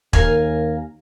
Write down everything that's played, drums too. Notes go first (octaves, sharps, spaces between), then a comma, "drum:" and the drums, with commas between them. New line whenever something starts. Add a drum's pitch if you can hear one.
D#2 A#4 F5 G#5, drum: kick E1